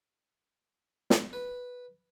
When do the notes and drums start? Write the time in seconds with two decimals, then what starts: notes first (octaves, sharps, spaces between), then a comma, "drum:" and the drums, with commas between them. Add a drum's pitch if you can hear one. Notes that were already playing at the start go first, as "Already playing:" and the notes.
1.10 drum: snare
1.33 B4